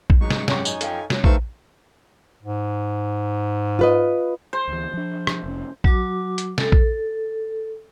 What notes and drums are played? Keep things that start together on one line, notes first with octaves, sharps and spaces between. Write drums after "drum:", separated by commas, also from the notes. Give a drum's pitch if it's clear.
drum: kick A#1
G#2 F#3 G#3 D#4 C#6
drum: snare
F#2 G4 F#5 C#6, drum: snare
D#4 G#5, drum: tambourine
A4 F5 G5, drum: hi-hat
F#4 C#5, drum: snare
D#3 A3 D#4 B4 C5 F5 C#6 E6, drum: kick A#1
G#2
F4 B4 D#5
C5
D2 E3
F3 D4
drum: rim click
F1 C#4
F#3 F#4 D6, drum: kick A#1
drum: hi-hat
A4, drum: snare
drum: kick A#1